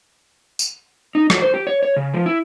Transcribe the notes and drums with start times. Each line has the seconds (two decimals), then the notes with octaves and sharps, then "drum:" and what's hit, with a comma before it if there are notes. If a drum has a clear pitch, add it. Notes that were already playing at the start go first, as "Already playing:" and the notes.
0.59 drum: tambourine
1.15 D#4
1.30 F#3, drum: rim click
1.42 C5
1.54 G4
1.67 C#5
1.83 C#5
1.96 C#3
2.14 F3
2.26 E4